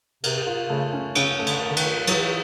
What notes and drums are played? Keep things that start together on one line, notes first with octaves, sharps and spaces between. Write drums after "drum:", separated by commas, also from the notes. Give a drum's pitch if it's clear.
C3 A#4, drum: cymbal
F4
C#3 A3
C#4
C#3 C#4, drum: cymbal
A3
D3, drum: cymbal
A#4
D3
D#3, drum: cymbal
F4
E3 F#3, drum: cymbal